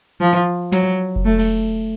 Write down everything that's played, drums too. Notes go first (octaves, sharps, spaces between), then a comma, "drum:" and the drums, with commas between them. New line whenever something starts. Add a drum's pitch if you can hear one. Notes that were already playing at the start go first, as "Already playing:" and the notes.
F3
F#3, drum: snare
drum: kick F1
A3
drum: cymbal